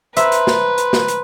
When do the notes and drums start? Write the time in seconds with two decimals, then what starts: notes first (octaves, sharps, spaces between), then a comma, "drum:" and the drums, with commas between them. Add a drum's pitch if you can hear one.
0.17 B4 C5 E5 A#5, drum: hi-hat
0.32 drum: hi-hat
0.47 drum: snare
0.78 drum: hi-hat
0.93 drum: snare
1.08 drum: hi-hat